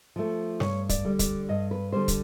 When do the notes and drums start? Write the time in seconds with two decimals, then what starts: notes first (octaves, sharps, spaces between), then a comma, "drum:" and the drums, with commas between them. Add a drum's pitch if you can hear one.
0.16 F3 A3
0.60 G2 C#5, drum: snare
0.89 D5, drum: kick, hi-hat
1.05 D3 G3
1.19 D5, drum: kick, hi-hat
1.49 G2 D#5
1.71 B4
1.93 D3 G3 C5
2.08 drum: kick, hi-hat